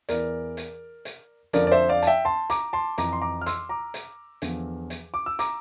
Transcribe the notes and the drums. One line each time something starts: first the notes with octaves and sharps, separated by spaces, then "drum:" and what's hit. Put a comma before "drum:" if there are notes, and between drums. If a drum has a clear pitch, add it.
E2 E3 A#4 D5, drum: hi-hat
drum: hi-hat
drum: hi-hat
F2 D3 F3 A#4 D5, drum: hi-hat
D5
C5 E5
D5 F5
A5, drum: hi-hat
E5 G5
A5 C6
A#5 D6, drum: hi-hat
A5 C6
F2 E3 A#5 D6, drum: hi-hat
C6
A#5 D6
F6
C6 E6, drum: hi-hat
A#5 D6
drum: hi-hat
E2 D3 F3, drum: hi-hat
drum: hi-hat
D6
E6
A#5 D6, drum: hi-hat